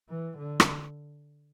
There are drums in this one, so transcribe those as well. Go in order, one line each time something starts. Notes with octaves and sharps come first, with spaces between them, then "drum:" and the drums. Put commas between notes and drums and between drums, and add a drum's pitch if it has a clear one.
E3
D3
drum: rim click